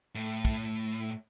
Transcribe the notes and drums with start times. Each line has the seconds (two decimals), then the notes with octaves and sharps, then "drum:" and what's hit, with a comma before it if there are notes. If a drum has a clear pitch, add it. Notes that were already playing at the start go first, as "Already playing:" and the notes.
0.15 A2
0.45 drum: kick